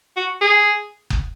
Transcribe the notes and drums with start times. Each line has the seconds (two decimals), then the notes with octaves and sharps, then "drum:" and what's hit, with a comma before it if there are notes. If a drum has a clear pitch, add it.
0.17 F#4
0.42 G#4
1.10 drum: kick F#1